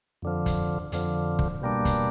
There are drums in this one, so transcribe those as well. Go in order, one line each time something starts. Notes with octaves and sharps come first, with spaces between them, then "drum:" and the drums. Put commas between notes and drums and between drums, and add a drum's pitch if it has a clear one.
F2 D3 F3
drum: kick, hi-hat
F2 D3 F3, drum: hi-hat
drum: kick
B2 G3 A#3 D4
drum: kick, hi-hat